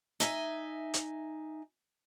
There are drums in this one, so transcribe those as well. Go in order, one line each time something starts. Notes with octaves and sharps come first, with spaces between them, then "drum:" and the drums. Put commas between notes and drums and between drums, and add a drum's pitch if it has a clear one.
D#4 E5 G#5, drum: hi-hat
drum: hi-hat